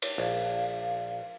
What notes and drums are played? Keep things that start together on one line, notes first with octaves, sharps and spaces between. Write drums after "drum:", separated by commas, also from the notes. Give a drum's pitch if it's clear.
drum: cymbal
A#1 F5